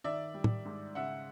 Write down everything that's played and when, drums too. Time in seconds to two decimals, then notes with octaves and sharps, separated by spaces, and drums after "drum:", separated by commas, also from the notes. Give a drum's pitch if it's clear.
0.04 D#3 D5 E5
0.34 G3
0.44 drum: tom
0.65 G#2
0.95 C#3 E5 F#5